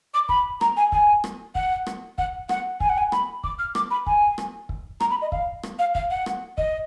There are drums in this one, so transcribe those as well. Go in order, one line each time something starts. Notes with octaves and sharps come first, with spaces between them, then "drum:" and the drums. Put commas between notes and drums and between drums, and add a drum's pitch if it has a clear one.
D6
B5, drum: kick
A#5, drum: rim click
G#5
G#5, drum: kick
drum: rim click
F#5, drum: kick
drum: rim click
F#5, drum: kick
F#5, drum: rim click
G#5, drum: kick
F#5
G#5
B5, drum: rim click
D6, drum: kick
F6
D6, drum: rim click
B5
G#5, drum: kick
drum: rim click
drum: kick
A#5, drum: rim click
B5
D#5
F5, drum: kick
drum: rim click
F5
F5, drum: kick
F#5
drum: rim click
D#5, drum: kick